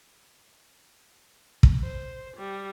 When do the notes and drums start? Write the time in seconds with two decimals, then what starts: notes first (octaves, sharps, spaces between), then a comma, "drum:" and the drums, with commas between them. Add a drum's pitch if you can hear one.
1.63 drum: kick
1.82 C5
2.36 G3